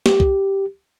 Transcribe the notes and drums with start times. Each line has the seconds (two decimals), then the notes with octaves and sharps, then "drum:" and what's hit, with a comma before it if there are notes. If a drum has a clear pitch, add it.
0.06 G4, drum: snare
0.20 drum: kick C2